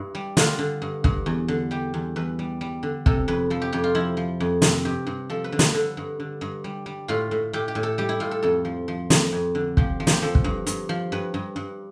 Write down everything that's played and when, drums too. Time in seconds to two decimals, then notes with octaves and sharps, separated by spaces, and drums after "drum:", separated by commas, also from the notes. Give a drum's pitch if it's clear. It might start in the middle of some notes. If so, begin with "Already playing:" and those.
Already playing: G2 E4
0.15 G3
0.37 D3 F4, drum: snare
0.59 D3
0.82 G2
1.04 G2, drum: kick
1.26 E2
1.48 D3
1.71 G3 G4
1.94 E2
2.16 E2 B4
2.39 G3
2.61 G3
2.83 D3
3.06 C3 A4, drum: kick
3.28 F2 B4
3.50 F3 A4
3.62 G4
3.73 F2 G4
3.84 F4
3.95 F3 E4
4.17 F3
4.40 F2
4.62 C3, drum: snare
4.85 G2 G4
5.07 G2
5.30 F3 A4
5.44 B4
5.52 D3
5.59 B4, drum: snare
5.74 D3 A4
5.97 G2
6.20 D3
6.41 G2
6.64 G3
6.86 G3
7.08 A2 F4
7.31 A2
7.53 A2 G4
7.68 G4
7.75 A2
7.83 A4
7.98 G3 G4
8.09 E4
8.20 A2 F4
8.31 A4
8.43 F2 A4
8.65 F3
8.88 F3
9.10 F2, drum: snare
9.33 F2
9.55 D3
9.77 F3 G4, drum: kick
10.00 F3
10.07 G4, drum: snare
10.22 F3 A4
10.35 drum: kick
10.44 G2
10.67 G2, drum: hi-hat
10.89 F3
11.12 G2 B4
11.34 G2
11.56 G2